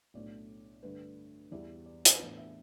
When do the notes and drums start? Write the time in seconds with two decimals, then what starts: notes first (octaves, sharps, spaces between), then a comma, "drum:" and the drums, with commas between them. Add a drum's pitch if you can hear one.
0.14 B1 A2 A3 D4 D5
0.83 G2 D3 A3 B4
1.51 E2 E3 G3 B3 E4 D5
1.86 D5
2.05 drum: hi-hat
2.20 A2 E3 B3 D4 B4
2.37 E5